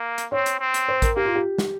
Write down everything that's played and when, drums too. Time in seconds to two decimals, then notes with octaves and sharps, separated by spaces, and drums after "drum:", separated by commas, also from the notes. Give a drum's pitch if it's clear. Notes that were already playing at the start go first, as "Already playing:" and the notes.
Already playing: A#3
0.18 drum: hi-hat
0.32 C4 C#5
0.46 drum: hi-hat
0.60 C4
0.74 drum: hi-hat
0.88 C5
1.02 A#4, drum: kick, hi-hat
1.16 A#3 G4
1.25 F4
1.35 G4
1.58 drum: snare